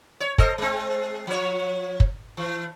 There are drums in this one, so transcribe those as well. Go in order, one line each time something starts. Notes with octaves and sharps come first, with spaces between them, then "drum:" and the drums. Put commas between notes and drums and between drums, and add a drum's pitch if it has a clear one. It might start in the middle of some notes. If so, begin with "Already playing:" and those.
C#5
A4 C5 D#5, drum: kick
G#3 C4
F3 C#5
drum: kick
E3